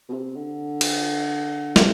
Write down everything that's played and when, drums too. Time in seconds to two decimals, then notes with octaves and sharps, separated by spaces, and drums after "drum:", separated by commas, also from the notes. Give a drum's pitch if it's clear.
0.09 B2
0.13 C3
0.36 D3
0.81 drum: cymbal
1.76 C3, drum: snare